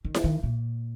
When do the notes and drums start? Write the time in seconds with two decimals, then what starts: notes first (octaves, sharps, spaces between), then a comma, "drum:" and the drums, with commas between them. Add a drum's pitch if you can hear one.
0.05 D#3
0.14 drum: snare E4
0.24 D#3
0.43 A#2